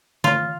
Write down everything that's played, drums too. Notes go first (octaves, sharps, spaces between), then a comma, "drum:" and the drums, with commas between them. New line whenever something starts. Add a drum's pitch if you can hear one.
F4, drum: tom D3